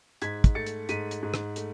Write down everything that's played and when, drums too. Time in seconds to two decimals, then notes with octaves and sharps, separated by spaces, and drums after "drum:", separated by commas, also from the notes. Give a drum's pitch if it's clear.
0.22 G#2 G#6 B6, drum: hi-hat
0.44 drum: kick, hi-hat
0.55 A3 A6 C#7
0.66 drum: hi-hat
0.89 G#2 B6 D#7, drum: hi-hat
1.11 drum: hi-hat
1.23 G#2
1.34 drum: rim click
1.56 A3, drum: hi-hat